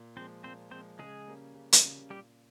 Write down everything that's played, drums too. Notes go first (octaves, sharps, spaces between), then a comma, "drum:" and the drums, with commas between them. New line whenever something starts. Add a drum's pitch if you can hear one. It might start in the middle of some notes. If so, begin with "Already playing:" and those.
Already playing: A#2
F3 G#3 C4 C5
A#2 C4 C5
F3 G#3 C4 C5
C#3 G#3 G#4
G3 A#3 C#4
C#3
drum: hi-hat
G3 A#3 C#4
A#2 G3 G4